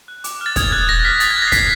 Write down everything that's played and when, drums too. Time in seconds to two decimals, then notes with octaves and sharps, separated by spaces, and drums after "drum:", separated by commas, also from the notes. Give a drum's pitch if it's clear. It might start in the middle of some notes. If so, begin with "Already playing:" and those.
0.08 F#6
0.24 D6, drum: hi-hat
0.41 F6 A6
0.56 D#6 G#6, drum: kick, hi-hat
0.72 F#6 A6
0.88 D6 A#6
1.04 F6 B6
1.20 D#6 A6, drum: hi-hat
1.30 G#6
1.36 F#6
1.42 A#6
1.48 C7
1.52 D#6 B6, drum: kick, hi-hat